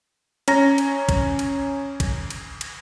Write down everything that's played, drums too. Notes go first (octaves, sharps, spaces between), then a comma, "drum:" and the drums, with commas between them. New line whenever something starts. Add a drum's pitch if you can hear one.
C#4 A#5 A#6, drum: cymbal
drum: cymbal
drum: kick, cymbal
drum: cymbal
drum: kick, cymbal
drum: cymbal
drum: cymbal